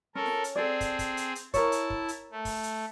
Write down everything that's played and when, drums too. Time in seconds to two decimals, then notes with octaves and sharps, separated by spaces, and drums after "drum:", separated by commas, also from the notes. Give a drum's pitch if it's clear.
0.15 C#4 A4 A#4
0.26 drum: snare F4
0.44 drum: hi-hat
0.56 C4 G#4 A4 D5
0.81 drum: kick, hi-hat
0.99 drum: kick, hi-hat
1.17 drum: hi-hat
1.35 drum: hi-hat
1.54 E4 A#4 C#5 A5, drum: kick, hi-hat
1.72 drum: hi-hat
1.90 drum: kick
2.08 drum: hi-hat
2.31 A3
2.45 drum: kick, open hi-hat
2.63 drum: hi-hat